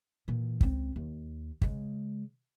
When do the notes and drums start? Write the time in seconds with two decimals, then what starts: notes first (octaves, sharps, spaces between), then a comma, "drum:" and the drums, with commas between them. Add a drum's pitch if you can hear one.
0.28 A#2 E3
0.61 C#2 C4, drum: kick
0.96 D#2
1.62 C#3 G#3, drum: kick